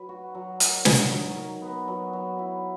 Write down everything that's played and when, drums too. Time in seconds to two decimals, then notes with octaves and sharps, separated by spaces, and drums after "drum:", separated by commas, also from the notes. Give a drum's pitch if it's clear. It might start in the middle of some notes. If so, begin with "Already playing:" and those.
Already playing: F#3 B4
0.09 F#4
0.35 F#3
0.60 A#4, drum: hi-hat
0.85 D#4, drum: snare
1.11 F#3
1.37 A#4
1.62 B3
1.88 F#3
2.13 F#3
2.39 E4